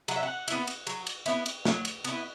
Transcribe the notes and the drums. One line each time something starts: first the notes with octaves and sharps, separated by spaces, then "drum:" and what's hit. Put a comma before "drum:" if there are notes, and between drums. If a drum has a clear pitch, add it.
F#3 F#5, drum: cymbal
E5
F#5
B3 E4, drum: cymbal
drum: cymbal
F#3, drum: cymbal
drum: cymbal
B3 E4, drum: cymbal
drum: cymbal
F#3, drum: snare
drum: cymbal
B3 E4, drum: cymbal